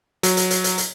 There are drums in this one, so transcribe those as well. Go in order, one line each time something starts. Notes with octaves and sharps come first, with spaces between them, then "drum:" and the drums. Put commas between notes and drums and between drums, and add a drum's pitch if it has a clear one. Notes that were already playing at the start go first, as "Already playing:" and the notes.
F#3, drum: hi-hat
drum: hi-hat
drum: hi-hat
drum: hi-hat
drum: hi-hat